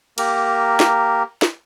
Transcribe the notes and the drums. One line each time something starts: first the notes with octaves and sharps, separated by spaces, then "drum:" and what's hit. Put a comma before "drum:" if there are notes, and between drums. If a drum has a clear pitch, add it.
A#3 G4 A#4, drum: cymbal
drum: snare
drum: snare